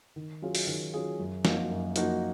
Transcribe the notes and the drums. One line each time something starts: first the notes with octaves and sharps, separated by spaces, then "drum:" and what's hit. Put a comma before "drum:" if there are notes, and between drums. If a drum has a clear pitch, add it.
D#3
F#3 C#4 F4 G#4
drum: open hi-hat
D#3
F#3 C#4 F4 G#4
F#2
F3 A#3 D#4 F#4, drum: snare
F#2
F3 A#3 D#4 F#4, drum: hi-hat